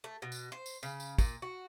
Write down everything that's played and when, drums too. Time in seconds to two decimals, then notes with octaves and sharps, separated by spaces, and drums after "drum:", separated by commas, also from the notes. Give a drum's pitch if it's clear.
0.04 A3
0.22 B2
0.32 drum: tambourine
0.52 C5
0.66 drum: tambourine
0.83 C#3, drum: tambourine
1.00 drum: tambourine
1.18 A#2, drum: kick, tambourine
1.42 F#4